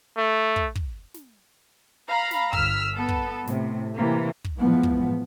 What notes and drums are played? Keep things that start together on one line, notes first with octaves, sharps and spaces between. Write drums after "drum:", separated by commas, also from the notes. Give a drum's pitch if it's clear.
A3
drum: kick
drum: kick
drum: snare
F5 A#5 B5
drum: snare
G1 E6 F6 B6, drum: kick
B3 A4
drum: kick
A2 C3, drum: snare
C3 E3 A#3
drum: kick
F#2 A2 E3 F3 G#3 B3
drum: kick